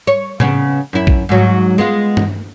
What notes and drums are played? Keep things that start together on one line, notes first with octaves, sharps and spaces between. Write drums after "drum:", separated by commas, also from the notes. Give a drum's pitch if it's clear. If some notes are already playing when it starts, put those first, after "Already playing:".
C#5
C#3 B3, drum: tom A2
F#2 E4
drum: kick A#1
G#2 F#3
G#3 B3 F4
drum: tom G2